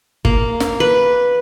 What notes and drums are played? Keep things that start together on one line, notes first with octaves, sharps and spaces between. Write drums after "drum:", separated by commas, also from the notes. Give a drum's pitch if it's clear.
A#3, drum: kick
drum: snare
B4